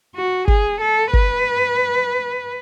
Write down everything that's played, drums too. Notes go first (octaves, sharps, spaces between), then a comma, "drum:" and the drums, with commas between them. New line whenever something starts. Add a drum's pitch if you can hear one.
F#4
G#4, drum: kick G1
A4
B4, drum: kick G1